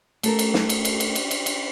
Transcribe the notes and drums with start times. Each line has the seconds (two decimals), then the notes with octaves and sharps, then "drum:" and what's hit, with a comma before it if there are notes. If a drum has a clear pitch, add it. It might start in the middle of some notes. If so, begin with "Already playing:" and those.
0.23 A3 A4 A#4, drum: cymbal
0.39 drum: cymbal
0.54 drum: snare
0.69 drum: cymbal
0.85 drum: cymbal
1.00 drum: cymbal
1.15 drum: cymbal
1.31 drum: cymbal
1.46 drum: cymbal